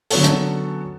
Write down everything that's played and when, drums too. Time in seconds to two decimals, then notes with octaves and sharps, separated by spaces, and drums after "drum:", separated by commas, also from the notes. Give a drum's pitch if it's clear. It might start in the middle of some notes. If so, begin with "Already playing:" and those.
0.10 D3 F#3 B3 C#4 F#4 A4, drum: open hi-hat
0.24 drum: hi-hat